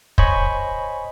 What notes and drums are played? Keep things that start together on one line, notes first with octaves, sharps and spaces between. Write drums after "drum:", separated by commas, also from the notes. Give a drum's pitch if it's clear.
C5 C#5 D#5 G#5 B5 C#6, drum: kick